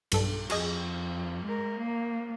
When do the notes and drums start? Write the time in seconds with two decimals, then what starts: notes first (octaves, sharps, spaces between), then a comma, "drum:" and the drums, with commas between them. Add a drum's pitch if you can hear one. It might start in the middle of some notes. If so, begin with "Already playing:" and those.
0.12 B1 G2 A4, drum: cymbal
0.50 F2 F#4 G#4 D#5, drum: cymbal
1.45 G#3 A#4
1.76 A#3